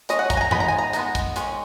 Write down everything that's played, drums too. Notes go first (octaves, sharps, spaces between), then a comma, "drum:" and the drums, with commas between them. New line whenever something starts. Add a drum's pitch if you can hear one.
G#3 C#4 D#5, drum: hi-hat
F#5
A#5, drum: kick, hi-hat
G#5
A#5
G#3 B3 D#4 B5, drum: tom G2
A#5
G#5
A#5
G#3 B3 D#4 A#5, drum: hi-hat
drum: kick, hi-hat
D#3 G#3 C#4, drum: hi-hat